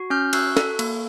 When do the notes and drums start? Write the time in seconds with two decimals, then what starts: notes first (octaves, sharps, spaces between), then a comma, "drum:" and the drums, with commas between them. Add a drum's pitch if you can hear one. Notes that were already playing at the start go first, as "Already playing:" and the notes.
Already playing: F#4
0.10 C#4 F6 G6
0.33 F#4 E6 F#6, drum: cymbal
0.57 A4, drum: snare
0.79 A#3, drum: cymbal